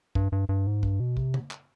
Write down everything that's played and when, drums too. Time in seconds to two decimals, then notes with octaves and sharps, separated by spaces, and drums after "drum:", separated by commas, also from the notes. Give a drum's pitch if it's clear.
0.15 G2, drum: kick
0.32 G2
0.49 G2
0.67 G#2
0.83 G2, drum: kick
1.00 B2
1.17 C3, drum: kick
1.34 drum: tom C#3
1.51 drum: clap